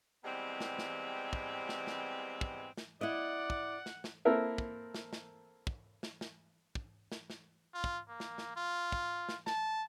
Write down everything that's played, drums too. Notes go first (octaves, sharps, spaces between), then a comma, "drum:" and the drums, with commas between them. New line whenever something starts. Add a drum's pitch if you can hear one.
C3 E3 G3 G#3 B3 C4
drum: snare
drum: snare
drum: kick
drum: snare
drum: snare
drum: kick
drum: snare
E4 D5 D#5 F#5
drum: kick
drum: snare
drum: snare
A#3 C4 E4 A4 A#4 E5
drum: kick
drum: snare
drum: snare
drum: kick
drum: snare
drum: snare
drum: kick
drum: snare
drum: snare
F4
drum: kick
A#3
drum: snare
drum: snare
F4
drum: kick
drum: snare
A5, drum: snare